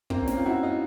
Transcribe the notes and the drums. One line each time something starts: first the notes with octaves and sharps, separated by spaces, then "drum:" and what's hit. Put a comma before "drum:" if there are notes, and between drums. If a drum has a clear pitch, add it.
A#3 C4, drum: kick
C#4
A#3 C4, drum: snare
F4
E4 F#4
D#4 F4